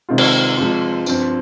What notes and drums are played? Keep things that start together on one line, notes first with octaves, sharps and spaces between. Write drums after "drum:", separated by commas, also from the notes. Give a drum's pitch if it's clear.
C3 D#3 G#3 C4 F4
drum: cymbal
F3 G#3 C4 F4
G2 F3 C4, drum: tambourine